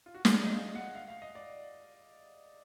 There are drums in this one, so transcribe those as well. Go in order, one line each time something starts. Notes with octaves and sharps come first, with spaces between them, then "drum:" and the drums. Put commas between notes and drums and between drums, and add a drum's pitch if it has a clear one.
F4
F#4
G#4, drum: snare
D5
D#5
F5
F#5
F5
F5
D#5
D5